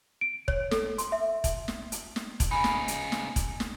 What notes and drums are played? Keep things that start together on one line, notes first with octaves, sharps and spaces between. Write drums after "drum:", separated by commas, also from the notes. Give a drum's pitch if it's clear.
D7
C#5, drum: kick E1
A4, drum: snare
C6, drum: hi-hat
E5
drum: kick E1, hi-hat
drum: snare
drum: hi-hat
drum: snare
drum: kick E1, hi-hat
C#3 D#4 G#5 B5
drum: snare
drum: hi-hat
drum: snare
drum: kick E1, hi-hat
drum: snare